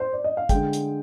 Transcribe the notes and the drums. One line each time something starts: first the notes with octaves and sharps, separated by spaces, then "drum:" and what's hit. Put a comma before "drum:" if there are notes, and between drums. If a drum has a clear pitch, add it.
C5
D5
D#5
F5
D3 G#3 G5, drum: kick, hi-hat
drum: hi-hat